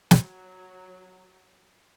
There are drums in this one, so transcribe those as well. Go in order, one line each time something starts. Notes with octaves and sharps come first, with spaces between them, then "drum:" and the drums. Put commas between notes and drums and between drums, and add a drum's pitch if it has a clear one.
F#3, drum: snare